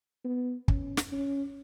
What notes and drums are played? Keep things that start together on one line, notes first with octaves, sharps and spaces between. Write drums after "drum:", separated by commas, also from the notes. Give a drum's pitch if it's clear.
B3
C#4, drum: kick
drum: snare
C#4